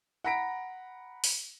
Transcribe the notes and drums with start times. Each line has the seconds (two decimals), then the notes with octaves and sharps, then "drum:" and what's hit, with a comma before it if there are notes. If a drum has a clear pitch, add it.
0.24 F#5 A#5 B5 A#6 B6 D7
1.24 drum: open hi-hat